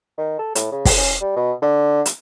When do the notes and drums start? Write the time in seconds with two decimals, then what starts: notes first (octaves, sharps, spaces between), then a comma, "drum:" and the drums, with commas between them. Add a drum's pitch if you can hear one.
0.18 D#3
0.39 A4
0.55 A2, drum: hi-hat
0.72 C#3
0.85 drum: kick, open hi-hat
0.98 C#4
1.21 G3
1.37 B2
1.62 D3
2.06 drum: hi-hat